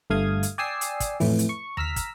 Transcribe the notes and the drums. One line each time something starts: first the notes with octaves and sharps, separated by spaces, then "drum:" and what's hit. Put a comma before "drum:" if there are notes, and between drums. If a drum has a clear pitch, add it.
G1 G2 A3 F5 D#6 G#6
drum: hi-hat
D5 G5 G#5 D#6 E6 C7
drum: hi-hat
drum: kick, hi-hat
F2 A2 E3, drum: open hi-hat
drum: hi-hat
C#6
A#5 E6 F6 B6, drum: tom D#2
drum: kick, hi-hat